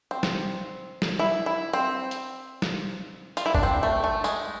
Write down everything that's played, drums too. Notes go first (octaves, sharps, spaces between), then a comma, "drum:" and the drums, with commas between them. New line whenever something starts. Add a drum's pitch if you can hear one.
C4
drum: snare
drum: snare
E4
E4
C4
drum: hi-hat
drum: snare
F4, drum: tambourine
E4
D4, drum: kick
C4
A3
A3
G#3, drum: tambourine